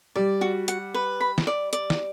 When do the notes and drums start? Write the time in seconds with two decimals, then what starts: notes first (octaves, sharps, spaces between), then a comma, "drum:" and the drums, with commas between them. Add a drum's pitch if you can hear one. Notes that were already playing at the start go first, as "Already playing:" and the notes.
0.16 G3 D5
0.41 F#4
0.68 F#5, drum: hi-hat
0.94 B4
1.21 B5
1.38 drum: snare
1.47 D5
1.73 D5, drum: hi-hat
1.90 drum: snare